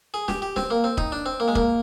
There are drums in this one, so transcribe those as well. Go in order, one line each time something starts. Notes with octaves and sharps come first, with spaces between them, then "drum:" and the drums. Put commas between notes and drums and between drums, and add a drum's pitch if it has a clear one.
G#4
G4, drum: snare
G4
C4, drum: snare
A#3
C4
D#4, drum: kick
D4
C4
A#3
G#3
A#3, drum: kick